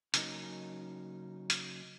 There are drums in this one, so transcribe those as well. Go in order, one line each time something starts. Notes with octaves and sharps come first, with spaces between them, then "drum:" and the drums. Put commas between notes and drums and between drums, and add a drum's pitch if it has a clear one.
C#3 F#3 A#3 C#4 D#4, drum: hi-hat
drum: hi-hat